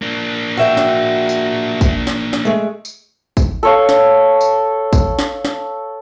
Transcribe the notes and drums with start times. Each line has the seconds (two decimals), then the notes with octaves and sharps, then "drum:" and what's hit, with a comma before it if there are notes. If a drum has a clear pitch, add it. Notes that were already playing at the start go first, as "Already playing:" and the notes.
0.02 A#3 D4
0.57 F#4 E5 G5
0.77 drum: snare
1.29 drum: tambourine
1.81 drum: kick, tambourine
2.07 drum: snare
2.33 drum: snare
2.45 G#3 A3
2.85 drum: tambourine
3.37 drum: kick, tambourine
3.63 A4 C#5 F5
3.89 drum: snare
4.41 drum: tambourine
4.93 drum: kick, tambourine
5.19 drum: snare
5.45 drum: snare